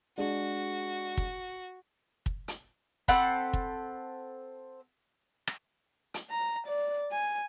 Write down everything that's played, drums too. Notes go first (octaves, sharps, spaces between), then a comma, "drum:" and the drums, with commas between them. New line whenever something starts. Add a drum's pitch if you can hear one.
G#3 D4 F#4 G#4
drum: kick
drum: kick
drum: hi-hat
C4 A4 F#5 B5, drum: kick
drum: kick
drum: rim click
drum: hi-hat
A#5
D5
G#5